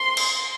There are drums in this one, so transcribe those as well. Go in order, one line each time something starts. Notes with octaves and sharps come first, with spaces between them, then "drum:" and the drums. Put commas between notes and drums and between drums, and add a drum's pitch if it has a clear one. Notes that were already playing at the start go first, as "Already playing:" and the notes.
Already playing: C6
drum: cymbal